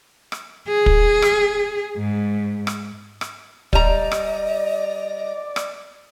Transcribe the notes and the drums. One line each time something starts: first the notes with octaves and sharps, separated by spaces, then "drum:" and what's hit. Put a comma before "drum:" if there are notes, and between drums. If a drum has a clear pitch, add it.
drum: rim click
G#4
drum: kick
drum: rim click
G#2
drum: rim click
drum: rim click
G3 D5 D#5 A#5, drum: kick
drum: rim click
drum: rim click